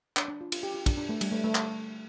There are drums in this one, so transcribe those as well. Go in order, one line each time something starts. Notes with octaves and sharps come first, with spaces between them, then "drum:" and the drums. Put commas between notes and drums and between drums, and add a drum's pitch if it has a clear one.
D4, drum: clap
D4
F4
F4, drum: cymbal
G4
F4
D4, drum: kick, cymbal
D4
A3
G3, drum: cymbal
A3
A3
drum: clap